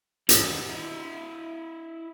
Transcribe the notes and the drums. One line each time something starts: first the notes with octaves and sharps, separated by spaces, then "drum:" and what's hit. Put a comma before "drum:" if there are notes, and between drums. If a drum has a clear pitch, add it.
D#3 G3, drum: hi-hat
E4 D#5